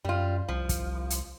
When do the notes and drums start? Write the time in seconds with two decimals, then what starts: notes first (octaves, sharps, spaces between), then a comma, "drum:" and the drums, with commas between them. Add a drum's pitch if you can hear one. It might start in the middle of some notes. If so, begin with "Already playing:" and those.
0.05 F#2 G3 F4
0.49 C2 F3
0.69 drum: kick, hi-hat
1.10 drum: hi-hat